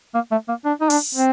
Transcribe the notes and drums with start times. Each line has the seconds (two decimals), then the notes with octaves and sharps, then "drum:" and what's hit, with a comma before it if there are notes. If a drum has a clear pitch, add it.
0.14 A#3
0.31 A3
0.49 A#3
0.65 D4
0.81 D#4
0.90 D4, drum: open hi-hat
1.15 C4